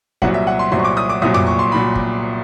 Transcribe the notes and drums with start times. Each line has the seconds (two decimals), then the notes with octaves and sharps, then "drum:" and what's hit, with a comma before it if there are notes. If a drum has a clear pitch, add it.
0.22 C2 A#2 F#3 F#5, drum: kick
0.34 E5
0.47 F#5
0.59 C6
0.72 C2 A#2 F#3 C6
0.79 C#6
0.84 D6
0.97 D#6
1.09 D6
1.22 C2 A#2 F#3 D#6
1.34 D6, drum: tom F2
1.47 C#6
1.59 C6
1.72 A#2 F#3 B5
1.95 drum: kick